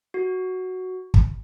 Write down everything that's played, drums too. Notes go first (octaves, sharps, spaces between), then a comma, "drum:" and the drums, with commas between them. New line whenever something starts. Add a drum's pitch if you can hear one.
F#4
drum: kick